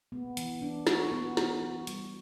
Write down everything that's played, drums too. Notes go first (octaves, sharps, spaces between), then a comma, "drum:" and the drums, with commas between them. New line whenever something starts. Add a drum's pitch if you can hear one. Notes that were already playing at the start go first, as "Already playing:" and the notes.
B3
E3, drum: hi-hat
D4
F#4, drum: snare
B3
E3, drum: snare
F#4
G3, drum: hi-hat